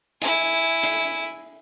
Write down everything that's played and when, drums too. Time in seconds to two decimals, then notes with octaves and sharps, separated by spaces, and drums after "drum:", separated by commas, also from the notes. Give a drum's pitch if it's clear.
0.22 E4 G#5, drum: hi-hat
0.83 drum: hi-hat